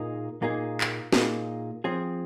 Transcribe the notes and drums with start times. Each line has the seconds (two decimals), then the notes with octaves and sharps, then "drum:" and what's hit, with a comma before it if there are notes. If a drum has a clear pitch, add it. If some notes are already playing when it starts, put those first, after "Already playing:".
Already playing: A#2 A#3 D#4 G#4
0.42 A#2 A#3 D#4 G#4
0.81 drum: clap
1.13 A#2 A#3 D#4 G#4, drum: snare
1.84 F3 C4 G#4